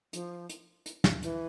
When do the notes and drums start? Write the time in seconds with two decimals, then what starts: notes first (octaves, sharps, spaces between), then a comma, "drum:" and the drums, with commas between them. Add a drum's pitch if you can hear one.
0.13 F3, drum: hi-hat
0.49 drum: hi-hat
0.86 drum: hi-hat
1.04 drum: snare
1.23 E3, drum: hi-hat